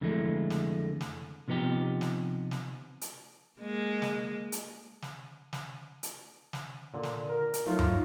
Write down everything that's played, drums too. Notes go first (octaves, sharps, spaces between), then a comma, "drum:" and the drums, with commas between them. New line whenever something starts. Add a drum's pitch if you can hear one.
F2 D3 E3 G#3 A3
drum: snare
drum: snare
C3 F3 B3 D#4 G4
drum: snare
drum: snare
drum: hi-hat
G#3 A#3
drum: snare
drum: hi-hat
drum: snare
drum: snare
drum: hi-hat
drum: snare
A#2 D3
drum: snare
A#4
drum: hi-hat
F#3 A3 D#4 F4
drum: tom F#2